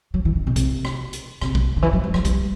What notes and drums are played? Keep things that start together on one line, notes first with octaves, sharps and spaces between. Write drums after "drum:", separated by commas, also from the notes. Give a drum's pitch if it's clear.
F#3
E3
D3
B2
C3, drum: kick, hi-hat
drum: rim click
drum: hi-hat
C3, drum: rim click
drum: kick
D3
E3
F#3
G3
F#3, drum: rim click
G3, drum: kick, hi-hat